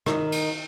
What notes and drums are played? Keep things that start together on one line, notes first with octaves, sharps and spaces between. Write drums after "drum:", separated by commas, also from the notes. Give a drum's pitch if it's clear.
D#3, drum: rim click
drum: cymbal